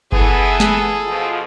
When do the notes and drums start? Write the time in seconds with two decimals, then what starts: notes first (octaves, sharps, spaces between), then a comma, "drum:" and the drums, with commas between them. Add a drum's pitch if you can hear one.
0.12 E3 B3 G#4 A4, drum: kick G1
0.60 drum: snare
1.07 B2 F3 F4